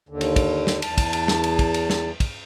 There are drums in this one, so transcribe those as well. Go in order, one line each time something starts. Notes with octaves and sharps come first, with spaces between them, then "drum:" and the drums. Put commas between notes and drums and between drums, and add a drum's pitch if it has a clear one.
D#2 D3
drum: cymbal
drum: kick, cymbal
drum: snare
E2 A5, drum: cymbal
drum: kick, cymbal
drum: cymbal
drum: snare
drum: cymbal
drum: kick, cymbal
drum: cymbal
drum: snare
drum: kick, cymbal